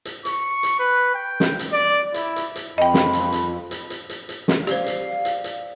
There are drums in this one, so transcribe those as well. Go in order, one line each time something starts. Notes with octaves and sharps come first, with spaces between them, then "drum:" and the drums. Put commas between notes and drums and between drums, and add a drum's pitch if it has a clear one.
drum: hi-hat
C#6, drum: hi-hat
drum: hi-hat
B4
G5
drum: snare
drum: hi-hat
D5
E4, drum: hi-hat
drum: hi-hat
drum: hi-hat
F2 D#5 G5 B5
drum: snare
drum: hi-hat
drum: hi-hat
drum: hi-hat
drum: hi-hat
drum: hi-hat
drum: hi-hat
drum: snare
G4 C5 D5 F5 C7, drum: hi-hat
drum: hi-hat
drum: hi-hat
drum: hi-hat